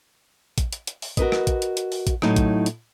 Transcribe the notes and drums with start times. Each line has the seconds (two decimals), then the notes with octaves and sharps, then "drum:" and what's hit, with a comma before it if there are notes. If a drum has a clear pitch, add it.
0.58 drum: kick A1, hi-hat
0.73 drum: hi-hat
0.87 drum: hi-hat
1.02 drum: open hi-hat
1.17 F#4 A#4 B4 D#5, drum: kick A1, hi-hat
1.32 drum: rim click
1.47 drum: kick A1, hi-hat
1.62 drum: hi-hat
1.77 drum: hi-hat
1.92 drum: open hi-hat
2.07 drum: kick A1, hi-hat
2.22 A2 F#3 D#4 E4, drum: rim click
2.36 drum: kick A1, hi-hat
2.66 drum: hi-hat